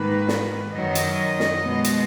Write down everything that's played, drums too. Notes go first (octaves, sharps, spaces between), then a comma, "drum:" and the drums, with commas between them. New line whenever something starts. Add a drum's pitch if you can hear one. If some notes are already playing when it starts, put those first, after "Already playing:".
Already playing: G#2 D#3 A#3 B4
drum: snare
F#2 D#3 F#3 D#5
drum: hi-hat
drum: snare
B2 G#3 B3
drum: hi-hat